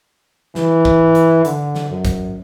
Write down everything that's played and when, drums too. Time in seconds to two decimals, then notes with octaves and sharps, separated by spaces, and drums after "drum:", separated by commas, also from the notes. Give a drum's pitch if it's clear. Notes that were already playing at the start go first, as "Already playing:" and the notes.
0.55 E3, drum: snare
0.85 drum: kick A1
1.15 drum: hi-hat
1.45 D3, drum: hi-hat
1.75 drum: snare
1.89 F#2
2.05 drum: kick A1, hi-hat